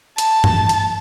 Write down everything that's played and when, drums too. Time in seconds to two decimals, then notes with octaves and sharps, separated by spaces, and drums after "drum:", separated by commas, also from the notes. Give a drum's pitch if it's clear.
0.18 A5, drum: hi-hat
0.44 drum: tom G2
0.69 drum: hi-hat